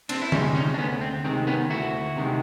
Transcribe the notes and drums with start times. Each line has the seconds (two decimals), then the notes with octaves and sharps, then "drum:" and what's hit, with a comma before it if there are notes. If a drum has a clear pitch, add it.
0.09 C4 D4, drum: cymbal
0.22 E4
0.32 C3 D#3 G#3 C#4 D#4, drum: tom D3
0.55 C#4 D#4
0.74 D4
0.78 D2 B3 C#4
1.01 C4
1.24 C3 D#3 G#3 C4
1.47 B3 C#4
1.70 D2 E4 F#4
2.16 C3 D#3 G#3